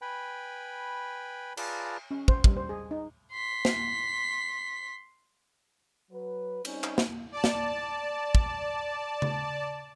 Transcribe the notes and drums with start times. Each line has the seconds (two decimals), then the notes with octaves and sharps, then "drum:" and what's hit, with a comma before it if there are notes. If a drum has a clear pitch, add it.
0.02 B4 G5 G#5 B5
1.57 F4 G#4 B4 D5 A5 A#5, drum: cymbal
2.11 C#4
2.28 C5, drum: kick
2.44 G3, drum: kick
2.57 C5
2.69 G#4
2.91 D#4
3.32 C6 B6
3.65 drum: snare
6.11 F#3 B4
6.65 G3 C4 C#4 D#4, drum: cymbal
6.83 drum: clap
6.98 drum: snare
7.32 D5 A5
7.44 drum: snare
8.35 drum: kick
9.22 drum: tom C#3